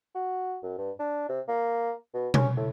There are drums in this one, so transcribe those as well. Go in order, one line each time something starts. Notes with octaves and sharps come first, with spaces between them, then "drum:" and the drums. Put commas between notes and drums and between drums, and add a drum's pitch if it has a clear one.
F#4
F#2
G2
D4
C3
A#3
B2
C#4, drum: tom B2
A2